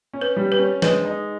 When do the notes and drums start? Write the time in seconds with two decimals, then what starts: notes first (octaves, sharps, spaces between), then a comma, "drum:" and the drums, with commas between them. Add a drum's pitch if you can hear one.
0.13 C#4
0.21 B4
0.37 G3
0.52 B4
0.59 C#4
0.82 G#3 B4, drum: snare
1.05 D#4